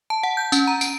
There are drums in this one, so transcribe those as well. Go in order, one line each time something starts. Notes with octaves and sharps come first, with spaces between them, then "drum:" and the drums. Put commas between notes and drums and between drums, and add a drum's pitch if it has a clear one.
A5
F#5
G6
C#4, drum: tambourine
A#5
D7, drum: tambourine